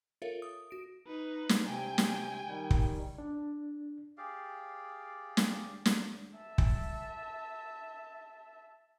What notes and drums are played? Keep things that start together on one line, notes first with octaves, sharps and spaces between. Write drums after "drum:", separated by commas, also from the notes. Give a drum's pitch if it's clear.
F4 A4 A#4 C#5 E5 F5
D#6
F#4 D7
D#4 B4
drum: snare
C3 G5 G#5
drum: snare
D#3 G3
drum: kick
D4
G4 G#4 D5 F5
drum: snare
drum: snare
E5 A5
drum: kick